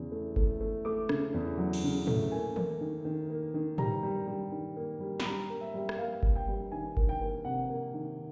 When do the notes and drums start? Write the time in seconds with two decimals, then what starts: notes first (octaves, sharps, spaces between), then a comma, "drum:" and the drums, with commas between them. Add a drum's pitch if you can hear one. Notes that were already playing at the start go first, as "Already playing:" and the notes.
Already playing: E2 C#3
0.12 A3
0.36 A3, drum: kick G1
0.60 A3
0.85 A3 D6
1.09 C#3, drum: rim click
1.34 E2
1.58 F#3
1.73 drum: cymbal
1.83 C#3
2.07 A3, drum: tom
2.32 A#3 G#5
2.56 A#3, drum: tom D#3
2.81 D#3
3.05 D#3
3.30 A#3
3.54 D#3
3.78 G3 A#5, drum: tom
4.03 G3
4.27 G3
4.52 D#3
4.76 A#3
5.00 G3
5.20 B5, drum: snare
5.26 G3 A#5
5.50 A#3
5.61 E5
5.74 G3
5.89 drum: rim click
5.98 A#3 F5
6.23 A#3, drum: kick G1
6.36 G5
6.48 G3
6.72 D#3 G#5
6.97 A#3, drum: kick G1
7.09 G5
7.21 A#3
7.45 C3 F#5
7.70 A#3
7.94 D#3